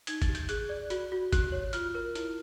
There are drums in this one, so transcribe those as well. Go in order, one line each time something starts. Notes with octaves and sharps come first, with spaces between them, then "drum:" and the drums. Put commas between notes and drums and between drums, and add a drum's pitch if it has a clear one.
D#4 G#6, drum: hi-hat
A6, drum: kick, hi-hat
G4
G6, drum: hi-hat
G#4 F#6, drum: hi-hat
D5
F#4, drum: hi-hat
F#4
G4 F#6, drum: kick, hi-hat
C#5
F4 F6, drum: hi-hat
A#4
E4, drum: hi-hat